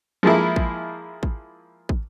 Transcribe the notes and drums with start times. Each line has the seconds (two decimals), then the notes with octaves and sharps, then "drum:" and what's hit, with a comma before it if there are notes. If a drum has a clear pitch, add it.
0.23 F3 G#3 A#3 E4
0.56 drum: kick
1.23 drum: kick
1.89 drum: kick